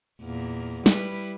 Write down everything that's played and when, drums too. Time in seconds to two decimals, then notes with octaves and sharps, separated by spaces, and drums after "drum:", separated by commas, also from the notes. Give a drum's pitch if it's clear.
0.21 E2 A#2 A#3
0.86 G3 E4 B4, drum: snare